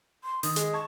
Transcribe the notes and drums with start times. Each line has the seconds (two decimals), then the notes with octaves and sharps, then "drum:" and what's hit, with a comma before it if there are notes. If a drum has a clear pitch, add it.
0.24 C6
0.43 D#3 D#6, drum: open hi-hat
0.56 G#3, drum: hi-hat
0.73 A5 C#6 G#6